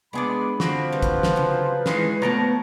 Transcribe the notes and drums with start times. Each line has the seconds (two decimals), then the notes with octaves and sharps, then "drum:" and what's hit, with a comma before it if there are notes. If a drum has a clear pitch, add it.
0.13 G#3 B3 D4 G#4 D5 B5
0.60 D3 F3 C4 F#4, drum: snare
0.93 G3 B4
1.03 drum: kick, hi-hat
1.23 drum: snare
1.36 C#3 F#3
1.86 D#3 E3 G#3 C#4 D4, drum: snare
2.22 F3 A3 B3 C#5 D5 A#5